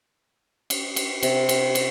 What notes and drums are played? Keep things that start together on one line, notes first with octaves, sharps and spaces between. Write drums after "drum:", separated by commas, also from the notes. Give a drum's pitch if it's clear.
drum: cymbal
drum: cymbal
C3, drum: cymbal
drum: cymbal
drum: cymbal